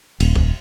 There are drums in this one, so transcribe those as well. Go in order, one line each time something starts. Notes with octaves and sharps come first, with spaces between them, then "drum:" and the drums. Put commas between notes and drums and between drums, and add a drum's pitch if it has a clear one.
D#1, drum: cymbal
drum: kick